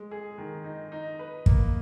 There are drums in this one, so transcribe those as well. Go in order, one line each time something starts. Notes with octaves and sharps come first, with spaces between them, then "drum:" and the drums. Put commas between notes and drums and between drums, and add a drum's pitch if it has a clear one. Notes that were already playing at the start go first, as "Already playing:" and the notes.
Already playing: G#3
G#4
D#3
D#4
D#4
B4
A#3, drum: kick